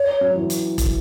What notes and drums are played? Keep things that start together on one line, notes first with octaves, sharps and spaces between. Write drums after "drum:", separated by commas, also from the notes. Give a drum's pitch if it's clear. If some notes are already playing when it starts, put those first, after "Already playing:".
Already playing: C#5
F#3
E3
drum: hi-hat
drum: kick, hi-hat